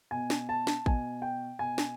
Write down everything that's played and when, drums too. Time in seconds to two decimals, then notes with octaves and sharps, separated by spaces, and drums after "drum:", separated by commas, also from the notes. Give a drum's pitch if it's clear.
0.11 B2 G#5
0.30 drum: snare
0.49 A5
0.67 drum: snare
0.86 B2 G#5, drum: kick A1
1.22 G5
1.59 B2 G#5
1.78 drum: snare